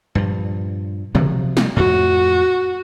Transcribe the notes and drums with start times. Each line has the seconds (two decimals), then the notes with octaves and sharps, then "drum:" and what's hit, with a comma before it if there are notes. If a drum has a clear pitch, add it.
0.15 G2 A#2 F3
1.15 C3 F3 F#3, drum: tom
1.57 drum: snare
1.76 F2 A2 F#4